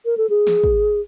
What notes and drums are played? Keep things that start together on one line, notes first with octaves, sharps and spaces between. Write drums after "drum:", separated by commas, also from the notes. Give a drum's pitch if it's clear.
A#4
A4
G#4
drum: snare
drum: kick